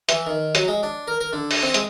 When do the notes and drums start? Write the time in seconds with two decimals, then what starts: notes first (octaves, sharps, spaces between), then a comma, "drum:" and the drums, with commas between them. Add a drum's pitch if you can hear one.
0.09 E3, drum: hi-hat
0.26 D#3
0.55 F#3, drum: hi-hat
0.68 G#3
0.83 D4
1.08 A#4
1.20 A#4
1.33 D3
1.51 drum: open hi-hat
1.63 C4
1.74 G#3, drum: hi-hat